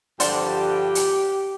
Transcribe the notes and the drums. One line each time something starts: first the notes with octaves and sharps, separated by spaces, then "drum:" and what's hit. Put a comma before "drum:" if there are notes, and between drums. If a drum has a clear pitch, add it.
G2 D3 F3 G4 C5 D5 F#5, drum: hi-hat
drum: hi-hat